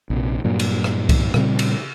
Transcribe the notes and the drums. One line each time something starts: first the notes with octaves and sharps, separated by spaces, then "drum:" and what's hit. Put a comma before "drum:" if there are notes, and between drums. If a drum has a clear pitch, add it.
A#1 C3
G2 A#2 F#3
drum: cymbal
drum: rim click
drum: kick C2, cymbal
A#2 C#3 G3 C4, drum: rim click
drum: cymbal